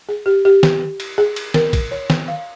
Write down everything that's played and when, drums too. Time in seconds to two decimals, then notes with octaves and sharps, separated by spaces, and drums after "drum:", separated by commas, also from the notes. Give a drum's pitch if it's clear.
0.09 G#4
0.26 G4
0.45 G4
0.63 drum: snare
1.00 drum: cymbal
1.18 G#4
1.36 drum: cymbal
1.54 A#4, drum: snare
1.73 drum: kick, cymbal
1.91 C#5
2.10 drum: snare
2.28 F5